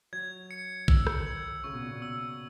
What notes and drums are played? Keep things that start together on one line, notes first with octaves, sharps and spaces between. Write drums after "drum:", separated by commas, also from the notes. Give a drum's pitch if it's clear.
F#3 G#6
C#7
D#3 E6, drum: kick A#1
drum: rim click
G#6
C#3 C#6
B2
A#2
B2
E6